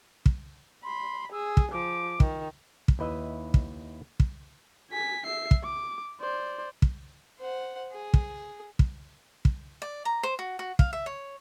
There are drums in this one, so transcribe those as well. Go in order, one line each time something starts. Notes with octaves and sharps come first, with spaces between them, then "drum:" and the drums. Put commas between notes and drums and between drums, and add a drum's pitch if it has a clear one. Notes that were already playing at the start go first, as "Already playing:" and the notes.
drum: kick
B5 C6
G#4 E6
drum: kick
F3 D6
D#3, drum: kick
drum: kick
D#2 E4 B4 D#5 E5
drum: kick
drum: kick
G#5 B6
E5 C7
drum: kick
D6
C5 D5
drum: kick
C5 F#5
G#4
drum: kick
drum: kick
drum: kick
D5
A#5
C5
F#4
F#4
F5, drum: kick
E5
C#5